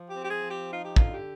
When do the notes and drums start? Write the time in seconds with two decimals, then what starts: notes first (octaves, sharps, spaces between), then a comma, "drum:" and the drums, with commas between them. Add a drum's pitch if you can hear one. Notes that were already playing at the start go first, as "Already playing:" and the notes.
Already playing: F3
0.09 G4
0.16 C4
0.22 G4
0.30 G#4
0.43 F3
0.49 G4
0.70 D#4 F4
0.83 G4
0.96 D3 F4, drum: kick
1.12 G4